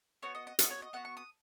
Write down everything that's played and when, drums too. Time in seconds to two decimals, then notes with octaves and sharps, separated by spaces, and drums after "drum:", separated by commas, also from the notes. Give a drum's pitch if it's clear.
0.23 B3 F#4 C#5
0.35 D#5
0.47 D#5
0.59 B3 F#4 D#5, drum: hi-hat
0.70 C#5
0.82 D#5
0.93 B3 F#4 F#5
1.05 C#6
1.17 D#6